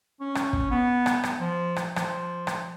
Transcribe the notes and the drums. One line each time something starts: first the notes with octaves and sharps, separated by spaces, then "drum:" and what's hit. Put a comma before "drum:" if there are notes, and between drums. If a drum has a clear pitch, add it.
C#4
drum: rim click
drum: kick
B3
drum: rim click
drum: rim click
F3
drum: rim click
F3, drum: rim click
drum: rim click